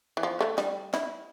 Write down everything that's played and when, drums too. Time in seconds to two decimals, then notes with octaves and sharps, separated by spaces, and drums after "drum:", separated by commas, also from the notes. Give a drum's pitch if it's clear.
0.17 E3
0.23 F3
0.41 A3, drum: clap
0.58 G3, drum: snare
0.94 E4, drum: snare